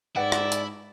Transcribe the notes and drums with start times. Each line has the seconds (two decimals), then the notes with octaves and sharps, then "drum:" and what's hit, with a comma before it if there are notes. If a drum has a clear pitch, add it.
0.16 G#2 E4 B4 D5 F#5 G5
0.32 drum: rim click
0.52 drum: hi-hat